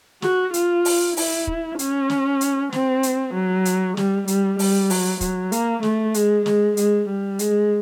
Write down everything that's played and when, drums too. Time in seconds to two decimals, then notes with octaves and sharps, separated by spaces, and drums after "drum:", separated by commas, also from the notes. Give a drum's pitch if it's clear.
0.22 F#4, drum: snare
0.54 F4, drum: hi-hat
0.85 drum: open hi-hat
1.17 E4, drum: open hi-hat
1.47 drum: kick
1.79 C#4, drum: hi-hat
2.10 drum: snare
2.41 drum: hi-hat
2.72 C4, drum: snare
3.03 drum: hi-hat
3.34 F#3
3.65 drum: hi-hat
3.97 G3, drum: snare
4.28 G3, drum: hi-hat
4.59 G3, drum: open hi-hat
4.90 F#3, drum: open hi-hat
5.21 F#3, drum: kick, hi-hat
5.52 A#3, drum: hi-hat
5.83 A3, drum: snare
6.14 G#3, drum: hi-hat
6.46 G#3, drum: snare
6.77 G#3, drum: hi-hat
7.09 G3
7.39 G#3, drum: hi-hat